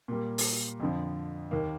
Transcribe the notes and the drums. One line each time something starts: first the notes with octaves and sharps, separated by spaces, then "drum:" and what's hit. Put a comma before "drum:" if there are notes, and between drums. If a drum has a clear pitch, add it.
A#2 G3 A#3
drum: open hi-hat
F2 D3 F3
D#2 D#3 A#3